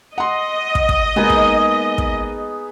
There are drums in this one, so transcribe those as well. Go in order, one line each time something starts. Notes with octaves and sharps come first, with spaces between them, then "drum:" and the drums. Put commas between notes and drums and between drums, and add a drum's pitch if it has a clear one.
D#5 F#5 C6
drum: kick
drum: kick
G#3 A#3 B3 D#4 G#4
drum: kick
drum: kick